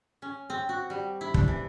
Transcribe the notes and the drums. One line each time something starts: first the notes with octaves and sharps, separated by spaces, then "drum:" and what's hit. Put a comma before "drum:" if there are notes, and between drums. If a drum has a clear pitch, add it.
C#4
C4
F#4
G3
E4
D4, drum: kick
E3